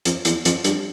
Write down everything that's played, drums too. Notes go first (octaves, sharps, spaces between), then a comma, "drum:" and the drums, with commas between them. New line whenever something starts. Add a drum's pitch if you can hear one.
F2, drum: hi-hat
E2, drum: hi-hat
F2, drum: hi-hat
G2, drum: hi-hat